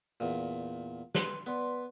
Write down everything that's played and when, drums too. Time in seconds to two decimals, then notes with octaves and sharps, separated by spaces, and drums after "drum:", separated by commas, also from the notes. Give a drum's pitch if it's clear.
0.20 E2 A#2
1.15 B4 C6, drum: snare
1.46 B3 B4 D5 C6